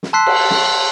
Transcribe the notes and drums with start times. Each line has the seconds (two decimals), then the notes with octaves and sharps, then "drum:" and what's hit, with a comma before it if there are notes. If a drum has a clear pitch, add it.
0.03 drum: snare
0.13 A5 C6 E6 F#6 B6 C7
0.27 drum: cymbal
0.51 drum: snare